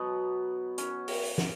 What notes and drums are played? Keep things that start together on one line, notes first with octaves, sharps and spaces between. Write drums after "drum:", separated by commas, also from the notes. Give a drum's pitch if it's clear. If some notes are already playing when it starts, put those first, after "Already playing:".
Already playing: B2 F#3 B3
C#4, drum: hi-hat
drum: open hi-hat
drum: snare